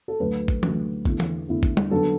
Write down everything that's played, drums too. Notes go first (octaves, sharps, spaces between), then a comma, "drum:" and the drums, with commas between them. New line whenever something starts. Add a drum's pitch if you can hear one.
A4
D2 D3 F#3 B4
drum: kick
D2 D3 F#3, drum: tom E3
E2 D3 A3 E4, drum: kick
drum: tom E3
E2 D3 A3 E4
drum: kick
drum: tom G3
D3 F#3 B3 D4 A4